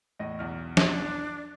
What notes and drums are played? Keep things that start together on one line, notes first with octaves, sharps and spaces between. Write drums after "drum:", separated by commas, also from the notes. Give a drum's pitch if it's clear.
E2 A2 D#5
B1 E2 F6
D4, drum: snare